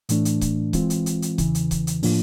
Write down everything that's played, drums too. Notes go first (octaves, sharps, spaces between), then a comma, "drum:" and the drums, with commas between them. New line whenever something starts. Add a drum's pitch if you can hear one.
A2 E3 A3 D4, drum: hi-hat
drum: hi-hat
drum: kick C#1, hi-hat
E3 G#3 C4 F4, drum: kick C#1, hi-hat
drum: hi-hat
drum: hi-hat
drum: hi-hat
E2 C#3 E3, drum: kick C#1, hi-hat
drum: hi-hat
drum: kick C#1, hi-hat
drum: hi-hat
A2 F3 A#3 D4 F4, drum: open hi-hat